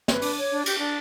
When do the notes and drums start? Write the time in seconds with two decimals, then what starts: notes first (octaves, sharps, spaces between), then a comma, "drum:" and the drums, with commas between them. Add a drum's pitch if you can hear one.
0.08 B4, drum: snare
0.22 D4 D6, drum: open hi-hat
0.37 C#5
0.51 D4
0.66 G4, drum: cymbal
0.80 D4